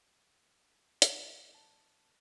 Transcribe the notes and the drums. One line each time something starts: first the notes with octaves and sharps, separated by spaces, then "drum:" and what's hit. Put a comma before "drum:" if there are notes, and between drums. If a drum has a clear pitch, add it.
drum: hi-hat
A5